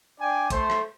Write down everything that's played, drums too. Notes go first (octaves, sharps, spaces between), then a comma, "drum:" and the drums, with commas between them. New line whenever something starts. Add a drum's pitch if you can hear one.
D4 D5 G5 G#5
A3 C5, drum: kick B1, hi-hat
drum: rim click